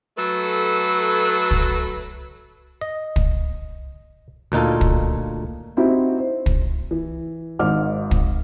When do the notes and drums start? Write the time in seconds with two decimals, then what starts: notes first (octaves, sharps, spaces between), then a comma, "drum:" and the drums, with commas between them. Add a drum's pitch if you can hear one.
0.17 F#3 A3 A4 B4
1.51 drum: kick
2.81 D#5
3.16 drum: kick
4.52 D2 A#2 D#4 F4 A4
4.81 drum: kick
5.77 C4 D#4 E4 F#4 G4
6.19 C5
6.46 drum: kick
6.91 E3
7.59 G#1 G#2 D6 F6
8.11 drum: kick